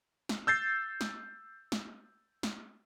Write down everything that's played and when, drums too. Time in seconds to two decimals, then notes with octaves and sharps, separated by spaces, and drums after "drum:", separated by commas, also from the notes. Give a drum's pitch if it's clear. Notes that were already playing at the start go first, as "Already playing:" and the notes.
0.29 drum: snare
0.47 E6 G6 A6 C7
1.01 drum: snare
1.72 drum: snare
2.43 drum: snare